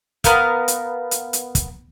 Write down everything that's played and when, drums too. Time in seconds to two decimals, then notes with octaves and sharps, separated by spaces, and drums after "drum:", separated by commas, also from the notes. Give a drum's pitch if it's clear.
0.24 B3 A#4 F5, drum: kick, hi-hat
0.68 drum: hi-hat
1.11 drum: hi-hat
1.33 drum: hi-hat
1.55 drum: kick, hi-hat